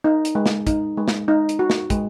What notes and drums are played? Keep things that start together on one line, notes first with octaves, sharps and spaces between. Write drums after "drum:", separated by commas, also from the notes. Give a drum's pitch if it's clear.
D#4
drum: hi-hat
G#3
drum: snare
D#4, drum: kick, hi-hat
G#3
drum: snare
D#4
drum: hi-hat
F#4
drum: snare
G#3, drum: kick, hi-hat